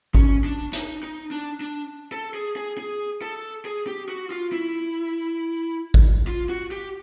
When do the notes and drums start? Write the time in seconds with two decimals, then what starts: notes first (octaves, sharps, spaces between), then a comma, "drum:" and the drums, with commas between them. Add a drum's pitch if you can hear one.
0.14 C#4, drum: kick G#1
0.44 D4
0.73 D#4, drum: hi-hat
1.03 D#4
1.31 D4
1.61 D4
2.12 A4
2.34 G#4
2.56 G#4
2.78 G#4
3.22 A4
3.65 G#4
3.87 G4
4.09 F#4
4.31 F4
4.52 E4
5.94 drum: kick G#1
6.27 F4
6.49 F#4
6.71 G4